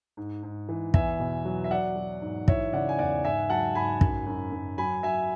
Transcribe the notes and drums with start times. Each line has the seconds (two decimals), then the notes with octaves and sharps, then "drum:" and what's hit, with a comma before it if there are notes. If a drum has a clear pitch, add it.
0.17 G#2
0.43 G#2
0.69 E3
0.94 E2 E5 G#5, drum: kick
1.19 B2
1.45 F#3
1.64 E5
1.71 F#3 D5 F#5
1.96 F#3
2.22 G#2
2.48 E3 C#5 E5, drum: kick
2.73 C#3 D5 F#5
2.89 G#5
2.99 E2 D5 F#5
3.24 G#2 E5 G#5
3.50 F#3 F#5 A5
3.75 G#2 G#5 B5
4.01 F#2, drum: kick
4.26 F#2
4.52 F#2
4.78 F#3 G#5 B5
5.03 F#3 E5 G#5